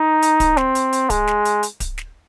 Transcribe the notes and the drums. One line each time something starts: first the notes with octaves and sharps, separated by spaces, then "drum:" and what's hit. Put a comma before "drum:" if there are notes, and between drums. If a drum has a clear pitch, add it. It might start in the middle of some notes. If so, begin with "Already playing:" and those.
Already playing: D#4
drum: hi-hat
drum: kick D1, hi-hat
C4, drum: snare
drum: hi-hat
drum: hi-hat
G#3, drum: kick D1, hi-hat
drum: snare
drum: hi-hat
drum: hi-hat
drum: kick D1, hi-hat
drum: snare